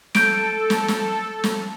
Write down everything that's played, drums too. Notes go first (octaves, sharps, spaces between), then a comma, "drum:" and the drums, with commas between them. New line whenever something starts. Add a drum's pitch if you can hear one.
A4 G6 D7, drum: snare
drum: snare
drum: snare
drum: snare